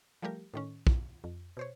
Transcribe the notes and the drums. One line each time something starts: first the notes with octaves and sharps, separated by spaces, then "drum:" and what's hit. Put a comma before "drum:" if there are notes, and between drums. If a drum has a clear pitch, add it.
F3 G3 A3 G4 A#4
A2 D#3 C#4
drum: kick
F2
B2 C5 C#5